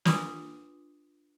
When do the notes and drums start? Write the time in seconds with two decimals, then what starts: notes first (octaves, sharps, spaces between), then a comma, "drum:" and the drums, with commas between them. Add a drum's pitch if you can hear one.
0.05 D4 F4 B4 C6 D6 D#6, drum: snare